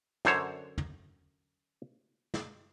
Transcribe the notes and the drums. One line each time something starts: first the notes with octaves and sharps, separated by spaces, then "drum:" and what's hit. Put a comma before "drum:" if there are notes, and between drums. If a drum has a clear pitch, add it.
F#2 D3 C5 C#5, drum: snare
drum: tom
drum: snare